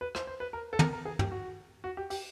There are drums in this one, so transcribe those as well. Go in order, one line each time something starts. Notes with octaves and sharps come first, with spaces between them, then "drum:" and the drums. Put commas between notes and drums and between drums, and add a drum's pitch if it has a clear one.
B4
C5, drum: rim click
C5
B4
A#4
A4
A#4, drum: tom
A#4
G#4
G4, drum: tom
F#4
F#4
G4
G4, drum: open hi-hat